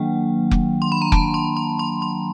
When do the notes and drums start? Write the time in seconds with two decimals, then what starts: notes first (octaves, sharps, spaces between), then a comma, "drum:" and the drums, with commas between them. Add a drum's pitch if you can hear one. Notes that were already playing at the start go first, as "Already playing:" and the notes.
Already playing: D#3 F#3 A#3 D4 F#5 G5
0.51 drum: kick F1
0.82 C6
0.92 B5
1.02 A#5
1.12 A5, drum: kick F1
1.34 C6
1.57 C6
1.79 C6
2.02 C6